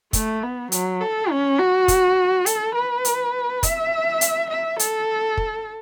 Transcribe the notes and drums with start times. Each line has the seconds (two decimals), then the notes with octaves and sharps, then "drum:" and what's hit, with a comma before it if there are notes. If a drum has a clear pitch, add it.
0.13 A3, drum: kick, hi-hat
0.43 B3
0.72 F#3, drum: hi-hat
1.01 A4
1.30 C#4
1.59 F#4
1.88 drum: kick, hi-hat
2.46 A4, drum: hi-hat
2.75 B4
3.05 drum: hi-hat
3.63 E5, drum: kick, hi-hat
4.21 drum: hi-hat
4.50 E5
4.79 A4, drum: hi-hat
5.37 drum: kick